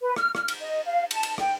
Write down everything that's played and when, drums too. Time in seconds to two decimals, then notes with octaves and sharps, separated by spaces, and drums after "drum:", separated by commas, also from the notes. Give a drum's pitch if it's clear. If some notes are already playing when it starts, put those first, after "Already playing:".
0.01 B4
0.16 F6, drum: rim click
0.35 F6, drum: rim click
0.48 drum: cymbal
0.60 D#5
0.85 F5
1.11 A5, drum: cymbal
1.23 drum: cymbal
1.38 G5, drum: rim click